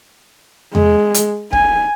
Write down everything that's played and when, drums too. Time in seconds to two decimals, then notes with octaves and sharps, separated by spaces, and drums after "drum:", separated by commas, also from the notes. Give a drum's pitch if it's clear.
0.75 G#3, drum: tom E2
1.14 drum: hi-hat
1.53 G#5, drum: kick